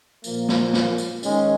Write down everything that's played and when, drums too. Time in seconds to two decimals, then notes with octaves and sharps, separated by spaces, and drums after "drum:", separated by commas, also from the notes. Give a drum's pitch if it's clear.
0.24 A#2 F3 A#3, drum: tambourine
0.49 drum: snare
0.73 drum: snare
0.98 drum: tambourine
1.23 G#2 D#3 G#3 C#4, drum: tambourine